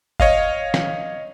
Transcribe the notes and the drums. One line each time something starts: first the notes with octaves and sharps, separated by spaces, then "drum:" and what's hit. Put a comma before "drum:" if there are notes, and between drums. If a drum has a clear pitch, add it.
C#5 D#5 F5, drum: kick F#1
drum: snare